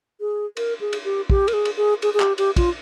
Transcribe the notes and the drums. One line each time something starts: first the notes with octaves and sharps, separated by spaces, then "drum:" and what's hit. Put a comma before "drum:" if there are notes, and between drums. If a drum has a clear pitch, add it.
G#4
A#4, drum: cymbal
G#4
drum: cymbal
G4
G4, drum: kick
A#4, drum: cymbal
G#4
drum: cymbal
G#4
G#4, drum: cymbal
G#4
G4, drum: clap
G4, drum: cymbal
F4, drum: kick, cymbal